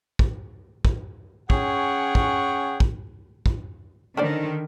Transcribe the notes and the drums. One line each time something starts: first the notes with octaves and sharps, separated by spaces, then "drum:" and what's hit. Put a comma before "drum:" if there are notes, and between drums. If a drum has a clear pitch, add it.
drum: kick
drum: kick
C#4 G#4 C#5 F#5 G5, drum: kick
drum: kick
drum: kick
drum: kick
D3 D#3 C#4 C5 D5